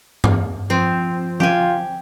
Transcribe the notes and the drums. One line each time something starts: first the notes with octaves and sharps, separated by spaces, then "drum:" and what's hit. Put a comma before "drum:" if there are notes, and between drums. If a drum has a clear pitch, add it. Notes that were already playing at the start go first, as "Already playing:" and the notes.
drum: tom G2
F3 C4
F4 G4 G#5, drum: tom F3